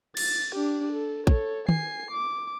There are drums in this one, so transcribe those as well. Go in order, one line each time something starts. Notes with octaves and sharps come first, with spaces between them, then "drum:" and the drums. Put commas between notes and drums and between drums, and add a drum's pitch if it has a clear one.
A6, drum: cymbal
D4 G4
A4
A4 C#5, drum: kick
G#5 C7, drum: tom
D6